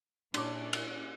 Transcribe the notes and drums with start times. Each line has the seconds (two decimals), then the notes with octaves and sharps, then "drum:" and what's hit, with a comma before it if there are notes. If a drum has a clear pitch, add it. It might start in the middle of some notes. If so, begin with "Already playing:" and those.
0.34 A#2 C#4 D4 D5 C6 D6, drum: cymbal
0.73 drum: cymbal